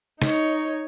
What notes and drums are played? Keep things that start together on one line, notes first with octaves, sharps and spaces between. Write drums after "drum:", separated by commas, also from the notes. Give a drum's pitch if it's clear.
D#4 C#5, drum: snare